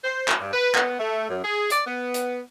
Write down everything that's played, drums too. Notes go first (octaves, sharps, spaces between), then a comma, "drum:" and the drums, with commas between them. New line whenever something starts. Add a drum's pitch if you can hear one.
C5
drum: clap
G2
B4
B3, drum: clap
A3
F#2
G#4
D5, drum: hi-hat
B3
drum: hi-hat